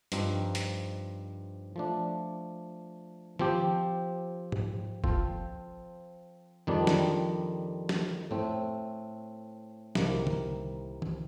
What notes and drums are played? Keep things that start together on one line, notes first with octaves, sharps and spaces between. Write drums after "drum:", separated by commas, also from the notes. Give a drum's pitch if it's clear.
G2 F3 C4 D#4, drum: hi-hat
drum: hi-hat
F3 A3 D4
F3 C4 G4, drum: tom D#3
drum: tom G#2
F3 C4 F4 A4 C5, drum: kick
F2 D#3 G3 D4
drum: snare
drum: snare
A2 A3 C4
C2 C3 D#3 A#3, drum: snare
drum: tom D3
drum: tom D#3